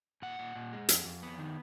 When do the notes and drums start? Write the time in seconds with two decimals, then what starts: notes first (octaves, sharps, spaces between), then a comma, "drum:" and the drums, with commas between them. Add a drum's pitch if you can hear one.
0.22 A#2 F#5
0.39 A#2
0.56 A#2
0.73 G#3
0.89 F2, drum: hi-hat
1.05 F2
1.23 B3
1.38 D#3